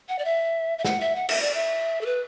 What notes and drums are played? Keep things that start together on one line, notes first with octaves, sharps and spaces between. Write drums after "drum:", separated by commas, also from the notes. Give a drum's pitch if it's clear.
F#5
D5
E5
E5
F#5, drum: snare
E5
F#5
E5, drum: cymbal
D5
E5
A4
B4